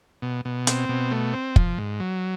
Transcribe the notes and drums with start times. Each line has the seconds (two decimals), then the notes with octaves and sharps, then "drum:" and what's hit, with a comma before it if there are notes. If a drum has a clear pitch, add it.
0.22 B2
0.45 B2
0.67 C4, drum: hi-hat
0.89 B2
1.11 A3
1.34 C4
1.56 F3, drum: kick
1.78 G#2
2.00 F#3